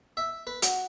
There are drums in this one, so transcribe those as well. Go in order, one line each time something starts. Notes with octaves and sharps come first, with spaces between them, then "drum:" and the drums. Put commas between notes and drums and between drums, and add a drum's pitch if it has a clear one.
E5
B4
F#4, drum: hi-hat